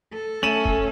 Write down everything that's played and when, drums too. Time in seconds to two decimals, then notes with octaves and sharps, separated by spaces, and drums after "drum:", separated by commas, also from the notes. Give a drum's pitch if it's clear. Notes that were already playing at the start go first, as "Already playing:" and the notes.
0.13 A4
0.43 A3 C#4 D#7 E7 F#7
0.65 drum: kick